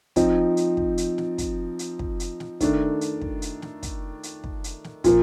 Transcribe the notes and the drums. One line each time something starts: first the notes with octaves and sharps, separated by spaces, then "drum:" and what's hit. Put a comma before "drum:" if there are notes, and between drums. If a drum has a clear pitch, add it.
F3 C4 D#4, drum: kick, hi-hat
drum: hi-hat
drum: kick
drum: hi-hat
drum: snare
drum: kick, hi-hat
drum: hi-hat
drum: kick
drum: hi-hat
drum: snare
D#3 A3 D4, drum: kick, hi-hat
drum: hi-hat
drum: kick
drum: hi-hat
drum: snare
drum: kick, hi-hat
drum: hi-hat
drum: kick
drum: hi-hat
drum: snare
A#2 F3 A#3, drum: kick, hi-hat